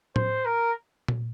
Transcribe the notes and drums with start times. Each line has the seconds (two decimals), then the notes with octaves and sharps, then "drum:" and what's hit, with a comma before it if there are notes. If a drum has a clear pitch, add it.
0.16 C5, drum: tom A2
0.45 A#4
1.08 drum: tom A#2